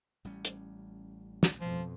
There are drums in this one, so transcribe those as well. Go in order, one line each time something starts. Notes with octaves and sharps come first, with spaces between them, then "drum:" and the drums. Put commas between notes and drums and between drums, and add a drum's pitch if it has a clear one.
A1 G3 C#4
drum: hi-hat
drum: snare
F2 B2 F3